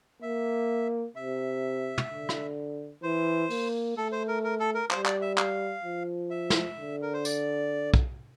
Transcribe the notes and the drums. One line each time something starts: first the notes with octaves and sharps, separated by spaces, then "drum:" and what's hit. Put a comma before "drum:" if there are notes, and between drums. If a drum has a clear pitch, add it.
A#3 E5
C3 E5
drum: tom
D3
drum: rim click
E3 C5
A#3, drum: open hi-hat
A3 A4
C5
A#4
A#4
A4
A#4
G3 C5, drum: clap
D5, drum: clap
E5
F5, drum: clap
F3
E5
drum: snare
D3
A#4
C5
D5, drum: tambourine
drum: kick